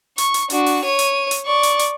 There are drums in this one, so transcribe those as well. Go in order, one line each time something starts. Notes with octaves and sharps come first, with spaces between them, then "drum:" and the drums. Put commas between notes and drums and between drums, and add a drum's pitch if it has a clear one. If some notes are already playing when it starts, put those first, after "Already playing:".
C#6, drum: hi-hat
drum: hi-hat
D4 F#4, drum: hi-hat
drum: open hi-hat
C#5 D#7
drum: hi-hat
drum: hi-hat
D5 C#6
drum: hi-hat
drum: hi-hat